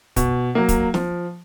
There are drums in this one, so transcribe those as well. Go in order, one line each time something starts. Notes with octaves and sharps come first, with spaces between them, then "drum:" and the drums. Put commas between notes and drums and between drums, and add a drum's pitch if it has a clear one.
B2, drum: kick, hi-hat
F#3 A#3
drum: kick, hi-hat
F3, drum: snare